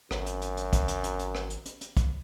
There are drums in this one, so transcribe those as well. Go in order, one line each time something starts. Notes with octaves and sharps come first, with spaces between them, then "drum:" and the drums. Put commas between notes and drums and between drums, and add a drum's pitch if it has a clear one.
G#1 F#2, drum: rim click
drum: hi-hat
drum: hi-hat
drum: hi-hat
drum: kick, hi-hat
drum: hi-hat
drum: hi-hat
drum: hi-hat
drum: rim click
drum: hi-hat
drum: hi-hat
drum: hi-hat
drum: kick, hi-hat